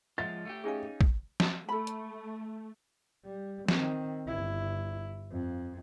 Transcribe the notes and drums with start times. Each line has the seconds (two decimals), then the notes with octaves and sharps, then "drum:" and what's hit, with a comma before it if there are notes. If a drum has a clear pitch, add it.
0.18 F3 G#3 F4 E5 F#5 A6
0.45 A3 F4 G4
0.64 C#4 D#4 G#4 F5 G#5
1.01 drum: kick
1.40 drum: snare
1.69 A3 A4 B5
1.87 drum: hi-hat
3.24 G3
3.68 D#3 C4, drum: snare
4.27 G1 E4
5.31 F2